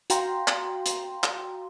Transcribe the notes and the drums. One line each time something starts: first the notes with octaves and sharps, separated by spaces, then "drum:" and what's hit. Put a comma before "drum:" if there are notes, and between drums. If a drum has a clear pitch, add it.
F#4 F5 G5 A#5 C6, drum: hi-hat
drum: clap
drum: hi-hat
drum: clap